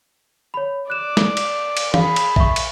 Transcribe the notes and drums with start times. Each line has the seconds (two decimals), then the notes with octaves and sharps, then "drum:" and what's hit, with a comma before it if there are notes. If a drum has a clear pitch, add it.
0.54 C#5 B5
0.90 D5 F#6 E7
1.17 drum: snare
1.37 drum: cymbal
1.77 drum: cymbal
1.94 G#4 F5 B5, drum: tom
2.16 drum: cymbal
2.36 E5 C#6, drum: kick A#1
2.56 drum: cymbal